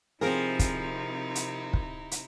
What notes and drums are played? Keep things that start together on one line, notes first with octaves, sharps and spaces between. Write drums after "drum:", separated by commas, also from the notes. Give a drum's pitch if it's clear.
C3 F3 C4 D#4 E4 G#4 A#4
drum: kick, hi-hat
drum: hi-hat
drum: kick
drum: hi-hat